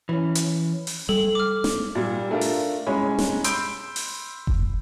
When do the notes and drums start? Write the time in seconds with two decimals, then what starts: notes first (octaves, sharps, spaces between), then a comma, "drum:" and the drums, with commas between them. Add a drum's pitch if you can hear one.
0.09 E3 C#4
0.35 drum: hi-hat
0.87 drum: open hi-hat
1.09 G3 A4
1.35 D6 F6
1.64 drum: snare
1.95 A#2 G3
2.31 A3 D4 F4 A#4
2.41 drum: open hi-hat
2.86 C2 G#3 C#4 C#5 B5
3.19 drum: snare
3.44 B5 C6 E6 G6 D7, drum: hi-hat
3.96 drum: open hi-hat
4.47 drum: kick F1